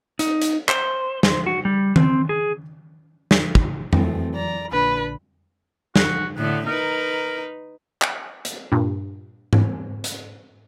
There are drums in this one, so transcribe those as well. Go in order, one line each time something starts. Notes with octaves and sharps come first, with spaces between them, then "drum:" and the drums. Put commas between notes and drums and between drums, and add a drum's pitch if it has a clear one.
D#4, drum: hi-hat
drum: hi-hat
C5, drum: clap
C5, drum: snare
F#4
G3
C4, drum: tom D#3
G#4
drum: snare
drum: kick
E3 F#3 A3 C4, drum: tom F2
D5 A#5
A#1 A#2 D3 D4 B4 B5
F#4, drum: snare
A2 D3 B3
D#4 A#4 B4
drum: clap
drum: hi-hat
G2 A#2
drum: tom G#2
drum: hi-hat